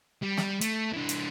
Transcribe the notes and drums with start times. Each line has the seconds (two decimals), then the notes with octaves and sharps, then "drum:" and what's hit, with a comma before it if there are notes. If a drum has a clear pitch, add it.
0.23 G3
0.37 drum: snare
0.61 A3, drum: hi-hat
0.93 E3 D4
1.09 drum: hi-hat